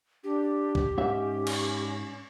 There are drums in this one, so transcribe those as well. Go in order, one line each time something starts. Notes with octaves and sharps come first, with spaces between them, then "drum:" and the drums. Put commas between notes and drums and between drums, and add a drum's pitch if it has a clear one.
D4 G4
drum: kick
G#2 C#4 E5
drum: cymbal